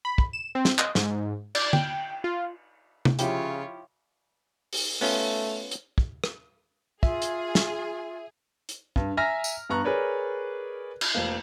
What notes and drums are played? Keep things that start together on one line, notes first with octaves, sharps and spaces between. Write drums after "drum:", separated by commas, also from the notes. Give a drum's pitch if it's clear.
B5
drum: kick
E7
C4
drum: snare
D#5, drum: clap
G#2, drum: snare
D5, drum: cymbal
G5, drum: tom
F4
drum: tom
C#3 F3 E4 F4 G4 C#5, drum: hi-hat
drum: open hi-hat
A3 B3 C#4 F4, drum: open hi-hat
drum: hi-hat
drum: kick
drum: rim click
F4 G#4 E5, drum: kick
drum: hi-hat
drum: snare
drum: hi-hat
G2, drum: kick
E5 G#5 A#5 F6 A#6
drum: tambourine
G2 B3 A#5 C#6 F#6
G#4 A#4 B4 C#5 D5
drum: cymbal
F1 F3 A#3